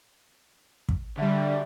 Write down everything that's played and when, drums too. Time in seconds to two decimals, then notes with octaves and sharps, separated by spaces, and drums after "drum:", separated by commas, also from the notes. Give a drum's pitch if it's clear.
0.89 drum: kick
1.17 D3 F#3 G3 E5